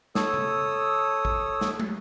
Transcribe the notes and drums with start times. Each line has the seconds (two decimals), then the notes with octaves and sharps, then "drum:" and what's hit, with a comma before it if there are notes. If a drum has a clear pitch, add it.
0.15 A4 C#5 D#6 E6, drum: snare
0.34 drum: tom C#3
1.25 drum: kick G#1
1.61 drum: snare
1.80 drum: tom